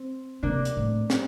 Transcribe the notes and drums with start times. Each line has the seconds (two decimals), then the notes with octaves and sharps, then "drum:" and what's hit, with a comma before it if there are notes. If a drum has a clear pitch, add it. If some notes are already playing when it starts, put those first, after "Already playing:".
Already playing: C4
0.43 C3 A#3 D4
0.65 drum: hi-hat
0.77 A2
1.10 drum: snare